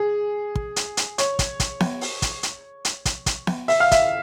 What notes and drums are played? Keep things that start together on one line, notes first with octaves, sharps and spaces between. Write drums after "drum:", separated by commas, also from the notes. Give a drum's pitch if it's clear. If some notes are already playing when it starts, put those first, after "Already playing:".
Already playing: G#4
drum: kick
drum: hi-hat
drum: hi-hat
C#5, drum: hi-hat
drum: kick, hi-hat
drum: kick, hi-hat
drum: snare B3
drum: open hi-hat
drum: kick, hi-hat
drum: hi-hat
drum: hi-hat
drum: kick, hi-hat
drum: kick, hi-hat
drum: snare B3
E5, drum: open hi-hat
F5
E5, drum: kick, hi-hat